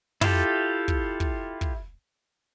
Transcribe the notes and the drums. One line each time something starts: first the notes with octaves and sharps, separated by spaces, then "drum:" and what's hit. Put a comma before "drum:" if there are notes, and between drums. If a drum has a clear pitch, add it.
E4 F4 G4 A4, drum: tom
drum: kick
drum: kick
drum: kick